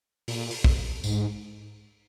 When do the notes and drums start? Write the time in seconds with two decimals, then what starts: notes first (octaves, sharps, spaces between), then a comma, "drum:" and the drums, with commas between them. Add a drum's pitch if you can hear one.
0.28 A#2, drum: open hi-hat
0.51 drum: open hi-hat
0.64 drum: kick
1.04 G#2, drum: tambourine